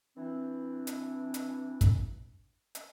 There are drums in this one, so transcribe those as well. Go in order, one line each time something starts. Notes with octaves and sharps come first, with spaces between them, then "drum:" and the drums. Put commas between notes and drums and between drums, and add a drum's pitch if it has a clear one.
E3 C4 D4
drum: hi-hat
drum: hi-hat
drum: kick, hi-hat
drum: hi-hat